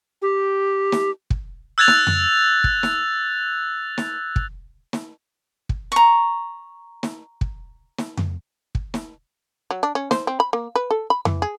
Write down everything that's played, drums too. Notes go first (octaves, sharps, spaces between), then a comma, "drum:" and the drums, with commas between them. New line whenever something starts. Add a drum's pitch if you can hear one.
G4
drum: snare
drum: kick
E6 F#6 G#6 A6 F7
drum: snare
drum: tom F2
drum: kick
drum: snare
drum: snare
drum: kick
drum: snare
drum: kick
A#5 C#6
drum: snare
drum: kick
drum: snare
drum: tom F2
drum: kick
drum: snare
F#3
D4
C#4
C5, drum: snare
C4
B5
A#3
B4
A4
B5
E3, drum: tom F2
G#4